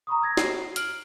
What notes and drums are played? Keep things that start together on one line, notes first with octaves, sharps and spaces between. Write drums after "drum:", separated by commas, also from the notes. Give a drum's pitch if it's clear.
A#5 B5 C#6 D#6
E6 G#6 A#6
C7, drum: snare
F6 D7 F#7, drum: hi-hat